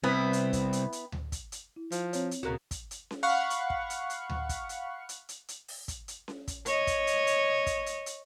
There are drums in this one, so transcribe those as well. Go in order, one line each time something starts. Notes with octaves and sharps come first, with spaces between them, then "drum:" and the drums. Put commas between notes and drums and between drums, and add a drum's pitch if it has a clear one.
C2 B3 C4 E4
drum: hi-hat
drum: kick, hi-hat
drum: hi-hat
drum: hi-hat
drum: tom D2
drum: kick, hi-hat
drum: hi-hat
E4
F3, drum: hi-hat
C4 C#5, drum: hi-hat
drum: hi-hat
D2 A#2 C#3 A#3 F#4 F#6
drum: kick, hi-hat
drum: hi-hat
drum: snare C#4
F5 F#5 B5 C#6
drum: hi-hat
drum: kick
drum: hi-hat
drum: hi-hat
drum: tom D2
drum: kick, hi-hat
drum: hi-hat
drum: hi-hat
drum: hi-hat
drum: hi-hat
drum: open hi-hat
drum: kick, hi-hat
drum: hi-hat
drum: snare C#4
drum: kick, hi-hat
C#5 D#5, drum: hi-hat
drum: kick, hi-hat
drum: hi-hat
drum: hi-hat
drum: kick, hi-hat
drum: hi-hat
drum: hi-hat